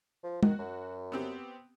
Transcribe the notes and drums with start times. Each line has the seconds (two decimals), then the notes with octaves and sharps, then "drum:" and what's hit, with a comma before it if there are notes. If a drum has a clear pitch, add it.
0.24 F3
0.43 D#3 F#4, drum: tom
0.59 F#2
1.12 B3 C4 G4